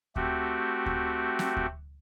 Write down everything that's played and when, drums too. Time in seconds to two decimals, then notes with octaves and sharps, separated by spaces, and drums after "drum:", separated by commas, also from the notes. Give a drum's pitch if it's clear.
0.16 A3 C4 F#4 G4, drum: kick D2
0.86 drum: kick D2
1.39 drum: snare
1.57 drum: kick D2